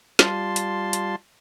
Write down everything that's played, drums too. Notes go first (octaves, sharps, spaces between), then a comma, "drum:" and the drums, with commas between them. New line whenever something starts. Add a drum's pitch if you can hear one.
G3 F4 A5 C6, drum: snare
drum: hi-hat
drum: hi-hat